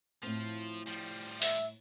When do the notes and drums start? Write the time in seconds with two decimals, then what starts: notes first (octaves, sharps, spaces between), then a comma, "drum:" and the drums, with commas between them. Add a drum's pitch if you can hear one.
0.23 A2 F3 C4
0.87 F3 G3
1.42 E5, drum: open hi-hat